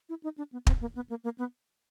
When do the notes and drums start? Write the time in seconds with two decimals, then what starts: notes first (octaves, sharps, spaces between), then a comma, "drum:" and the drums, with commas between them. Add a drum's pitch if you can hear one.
0.09 E4
0.23 D#4
0.38 D4
0.52 B3
0.67 C4, drum: kick
0.81 A#3
0.95 B3
1.10 A#3
1.24 A#3
1.38 B3